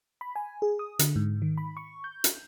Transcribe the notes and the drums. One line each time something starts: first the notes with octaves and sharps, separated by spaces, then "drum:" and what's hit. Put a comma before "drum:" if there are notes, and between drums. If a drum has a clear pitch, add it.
B5
G#5
G#4
D#6
D3, drum: hi-hat
G#2
D#3
B5
C#6
G6
drum: hi-hat